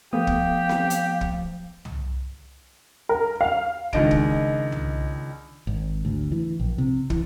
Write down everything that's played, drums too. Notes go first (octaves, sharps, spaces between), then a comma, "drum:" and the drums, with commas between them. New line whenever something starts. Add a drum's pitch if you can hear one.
F3 A3 B3 G4 F5 D#6
drum: kick
drum: snare C4
drum: hi-hat
drum: kick
drum: tom
A#4
F5
C#2 D#3 D4 D#5 D7, drum: kick
drum: kick
drum: tom
G#1
D2
E3
A#1
C3
E3, drum: kick